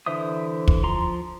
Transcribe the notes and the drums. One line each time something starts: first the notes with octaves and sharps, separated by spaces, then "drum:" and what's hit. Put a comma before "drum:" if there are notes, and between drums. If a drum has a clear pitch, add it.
D3 E3 C5 E5 D#6
drum: kick
F3 A#5 C6